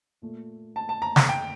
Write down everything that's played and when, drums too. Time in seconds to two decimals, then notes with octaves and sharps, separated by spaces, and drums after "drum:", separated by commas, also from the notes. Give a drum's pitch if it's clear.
0.22 A#2 A3
0.76 A5
0.89 A5
1.02 A#5
1.16 A#5, drum: snare
1.29 G5